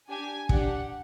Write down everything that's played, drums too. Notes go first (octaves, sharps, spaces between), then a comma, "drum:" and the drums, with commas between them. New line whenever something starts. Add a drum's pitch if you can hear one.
D4 G4 G#5
D4 G4 F#5, drum: kick